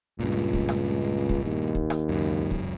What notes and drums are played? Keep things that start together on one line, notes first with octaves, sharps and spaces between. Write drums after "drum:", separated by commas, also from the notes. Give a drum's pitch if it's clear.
C#2 G2 A#2
drum: kick
drum: rim click
drum: kick
D#2
drum: kick
drum: rim click
C#2 F#2
drum: kick